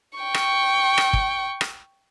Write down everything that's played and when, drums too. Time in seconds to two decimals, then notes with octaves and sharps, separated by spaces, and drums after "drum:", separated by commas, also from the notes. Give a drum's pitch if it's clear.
0.19 G5 C#6
0.34 drum: rim click
0.98 drum: rim click
1.13 drum: kick
1.61 drum: rim click